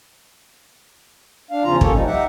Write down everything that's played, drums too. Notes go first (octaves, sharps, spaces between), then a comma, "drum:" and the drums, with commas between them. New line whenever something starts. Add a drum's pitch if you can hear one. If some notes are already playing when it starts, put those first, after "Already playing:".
D4 F5
E2 C#3 F3 C#4 F4 A#5
A#3 C#4 G4 A4 C#5, drum: kick
F3 G3 D#4
D#4 G4 E5 F#5